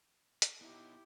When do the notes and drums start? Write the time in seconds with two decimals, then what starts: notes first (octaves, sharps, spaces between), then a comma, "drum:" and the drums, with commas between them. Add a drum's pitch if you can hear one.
0.42 drum: hi-hat
0.61 B3 D#4 E4 G4